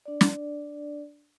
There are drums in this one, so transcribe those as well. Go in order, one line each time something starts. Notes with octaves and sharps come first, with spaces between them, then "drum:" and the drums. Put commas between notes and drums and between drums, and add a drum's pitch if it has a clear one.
D4 D5
drum: snare